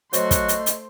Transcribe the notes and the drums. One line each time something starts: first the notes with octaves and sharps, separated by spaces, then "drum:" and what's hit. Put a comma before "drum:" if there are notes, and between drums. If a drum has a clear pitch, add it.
F#3 A3 F#4 C5 D#5 C6, drum: hi-hat
drum: kick, hi-hat
drum: hi-hat
drum: hi-hat